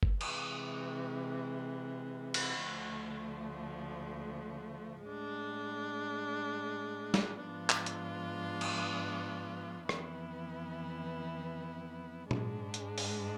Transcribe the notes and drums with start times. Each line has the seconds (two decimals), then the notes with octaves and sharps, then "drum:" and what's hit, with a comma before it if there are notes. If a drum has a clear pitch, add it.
0.03 drum: kick
0.21 C3 E3 G#3, drum: cymbal
2.34 drum: cymbal
2.63 D2 D3 F3 A3
5.05 A2 G#3 D4
7.14 drum: snare
7.46 G#2 F3 B3 D4 F4
7.69 drum: clap
7.86 drum: hi-hat
8.61 drum: cymbal
9.89 F2 E3 B3 E4, drum: rim click
12.31 G#2 G#3 D4, drum: tom A#2
12.74 drum: hi-hat
12.98 drum: open hi-hat